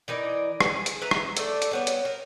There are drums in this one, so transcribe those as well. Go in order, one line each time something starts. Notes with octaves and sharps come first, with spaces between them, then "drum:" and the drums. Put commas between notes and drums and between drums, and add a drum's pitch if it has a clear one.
E3 D#4 A#4 D5
G#4, drum: rim click
drum: hi-hat
B4 E5 A#5
drum: rim click
A3 D5 E5, drum: hi-hat
drum: hi-hat
G3 B3 C#5
drum: hi-hat
A#4